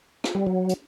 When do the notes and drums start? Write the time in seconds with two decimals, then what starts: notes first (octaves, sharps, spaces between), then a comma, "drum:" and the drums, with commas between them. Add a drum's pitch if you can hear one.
0.24 drum: rim click
0.35 G3
0.47 F#3
0.69 drum: hi-hat